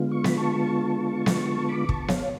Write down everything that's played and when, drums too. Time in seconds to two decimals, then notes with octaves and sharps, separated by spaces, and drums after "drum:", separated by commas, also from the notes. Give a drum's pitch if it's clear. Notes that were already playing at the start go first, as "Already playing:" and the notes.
Already playing: D3 G#3 B3 F4
0.11 C#6
0.24 B5, drum: snare B3
0.37 A5 C#6
1.26 drum: snare B3
1.69 B5 D6
1.89 A5 C#6, drum: kick
2.08 C#5 F5, drum: snare B3